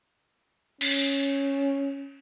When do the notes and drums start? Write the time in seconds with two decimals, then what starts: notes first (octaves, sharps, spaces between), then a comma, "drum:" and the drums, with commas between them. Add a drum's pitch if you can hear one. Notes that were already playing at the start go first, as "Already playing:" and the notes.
0.81 C#4, drum: cymbal